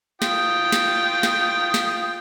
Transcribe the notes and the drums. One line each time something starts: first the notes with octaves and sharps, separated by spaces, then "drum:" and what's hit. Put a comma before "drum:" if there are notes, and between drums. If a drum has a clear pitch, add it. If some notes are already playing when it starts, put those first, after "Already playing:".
F4 G5 D#6, drum: snare
drum: snare
drum: snare
drum: snare